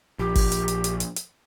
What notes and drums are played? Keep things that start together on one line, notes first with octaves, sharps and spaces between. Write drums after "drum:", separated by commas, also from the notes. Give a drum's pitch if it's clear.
A#1 G4
drum: kick G#1, open hi-hat
drum: hi-hat
drum: hi-hat
drum: hi-hat
drum: hi-hat
drum: hi-hat